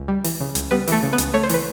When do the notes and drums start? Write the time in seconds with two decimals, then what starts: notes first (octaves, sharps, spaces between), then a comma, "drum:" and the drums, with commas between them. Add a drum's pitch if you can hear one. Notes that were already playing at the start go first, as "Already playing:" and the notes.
Already playing: C#2
0.08 G3
0.24 E3, drum: open hi-hat
0.40 C#3
0.55 C#2, drum: hi-hat
0.71 G3 B3 B4
0.88 E3 A3 A4, drum: open hi-hat
1.03 C#3
1.13 B3 B4
1.18 C#2, drum: hi-hat
1.34 A3 C#5
1.43 C5
1.49 E3 B4, drum: open hi-hat